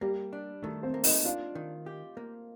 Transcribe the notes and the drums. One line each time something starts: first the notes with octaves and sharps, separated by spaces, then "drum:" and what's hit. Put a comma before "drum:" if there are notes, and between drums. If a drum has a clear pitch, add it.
G3 A#3 G4
D4
D#3 A3 A4
C4 C5
A#3
D#4 D#5, drum: open hi-hat
D4 F4 F5
D#3
G4
A#3